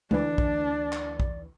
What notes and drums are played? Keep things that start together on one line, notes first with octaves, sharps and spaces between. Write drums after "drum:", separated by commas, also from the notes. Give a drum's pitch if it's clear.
D2 E3 D4 D5, drum: tom
drum: kick A#1
drum: clap
drum: kick A#1